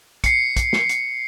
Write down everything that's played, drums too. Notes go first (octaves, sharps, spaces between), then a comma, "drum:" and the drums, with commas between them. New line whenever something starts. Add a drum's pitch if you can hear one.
C7 C#7, drum: kick, hi-hat
drum: kick, hi-hat
drum: snare
drum: hi-hat